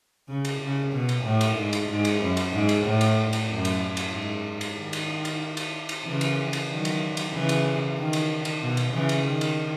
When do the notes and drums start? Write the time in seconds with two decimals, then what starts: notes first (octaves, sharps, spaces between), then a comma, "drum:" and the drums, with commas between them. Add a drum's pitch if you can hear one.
0.28 C#3
0.45 drum: cymbal
0.61 C#3
0.93 B2
1.09 drum: cymbal
1.25 A2
1.41 drum: cymbal
1.57 G#2
1.73 drum: cymbal
1.89 G#2
2.05 drum: cymbal
2.21 F#2
2.37 drum: cymbal
2.53 G#2
2.69 drum: cymbal
2.85 A2
3.01 drum: cymbal
3.33 drum: cymbal
3.49 F#2
3.65 drum: cymbal
3.97 drum: cymbal
4.13 G#2
4.61 drum: cymbal
4.77 D#3
4.93 drum: cymbal
5.25 drum: cymbal
5.57 drum: cymbal
5.89 drum: cymbal
6.05 C#3 E3
6.21 drum: cymbal
6.53 drum: cymbal
6.69 D#3 F#3
6.85 drum: cymbal
7.17 drum: cymbal
7.33 C#3 E3
7.49 drum: cymbal
7.97 D#3
8.13 drum: cymbal
8.45 drum: cymbal
8.61 B2
8.77 drum: cymbal
8.93 C#3 E3
9.09 drum: cymbal
9.25 D#3
9.41 drum: cymbal